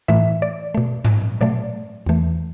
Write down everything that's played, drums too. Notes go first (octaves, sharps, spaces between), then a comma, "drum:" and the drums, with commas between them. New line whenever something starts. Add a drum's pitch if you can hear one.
A2 E3 A3 E5
D5
B2 A3
drum: tom G#2
B2 F#3 A3 D5
E2 E3 A3